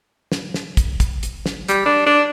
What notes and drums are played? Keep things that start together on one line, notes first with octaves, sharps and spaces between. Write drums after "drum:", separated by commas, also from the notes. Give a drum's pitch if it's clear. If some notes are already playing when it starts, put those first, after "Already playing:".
drum: snare
drum: snare
drum: kick, hi-hat
drum: kick, hi-hat
drum: hi-hat
drum: snare
G3, drum: hi-hat
D4
D4